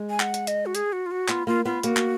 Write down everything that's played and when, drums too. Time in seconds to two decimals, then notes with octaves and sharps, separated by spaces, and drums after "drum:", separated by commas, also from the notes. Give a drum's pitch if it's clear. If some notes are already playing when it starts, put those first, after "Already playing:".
Already playing: G#3
0.10 G#5
0.20 F#5, drum: clap
0.34 drum: hi-hat
0.47 D#5, drum: hi-hat
0.66 F#4
0.75 G#4, drum: hi-hat
0.92 F#4
1.06 F4
1.11 F#4
1.29 B3 F4, drum: clap
1.47 A#3 F4
1.65 B3 F4
1.83 A#3 F#4, drum: hi-hat
1.97 drum: clap